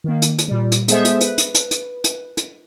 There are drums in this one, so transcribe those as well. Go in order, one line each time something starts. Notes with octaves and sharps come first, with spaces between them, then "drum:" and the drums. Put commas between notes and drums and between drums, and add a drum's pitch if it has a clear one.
D#3 A#3
drum: hi-hat
drum: hi-hat
A#2 G3
drum: hi-hat
G#3 B3 G#4 A4 C5 E5, drum: hi-hat
drum: hi-hat
B4, drum: hi-hat
drum: hi-hat
drum: hi-hat
drum: hi-hat
drum: hi-hat
drum: hi-hat